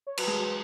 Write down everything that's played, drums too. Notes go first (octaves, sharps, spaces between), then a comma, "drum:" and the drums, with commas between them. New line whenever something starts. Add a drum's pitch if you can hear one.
C#5
F#3 B4, drum: cymbal
G#3
F#3